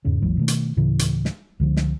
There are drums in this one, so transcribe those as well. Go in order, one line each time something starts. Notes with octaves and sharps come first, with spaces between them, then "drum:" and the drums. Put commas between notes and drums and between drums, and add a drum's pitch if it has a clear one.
E2 G#2 C#3 C#4
G#1 D#2 E3 F#3
B2 D#3 A3
drum: hi-hat
D2 A2 C#3 E3
drum: hi-hat
drum: snare
C#2 D3 F3
drum: snare